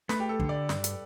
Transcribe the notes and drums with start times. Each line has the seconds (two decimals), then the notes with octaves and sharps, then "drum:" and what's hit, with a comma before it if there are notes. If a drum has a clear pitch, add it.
0.09 A3 B4, drum: snare
0.20 G4
0.29 A4
0.40 D3, drum: kick
0.49 D5
0.69 G2, drum: snare
0.84 drum: hi-hat